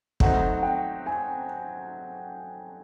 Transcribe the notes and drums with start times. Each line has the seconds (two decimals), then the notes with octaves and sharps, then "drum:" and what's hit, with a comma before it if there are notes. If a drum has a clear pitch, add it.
0.20 F#3 A3 C4 D#4 F#5, drum: kick
0.54 F#5
0.63 G5
1.06 G#5